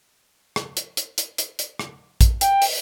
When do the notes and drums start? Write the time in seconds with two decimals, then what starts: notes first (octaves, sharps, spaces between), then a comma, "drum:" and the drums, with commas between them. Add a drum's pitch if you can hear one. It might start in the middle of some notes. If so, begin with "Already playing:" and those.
0.56 drum: rim click
0.77 drum: hi-hat
0.97 drum: hi-hat
1.18 drum: hi-hat
1.38 drum: hi-hat
1.59 drum: hi-hat
1.79 drum: rim click
2.21 drum: kick, hi-hat
2.41 G5, drum: hi-hat
2.62 drum: open hi-hat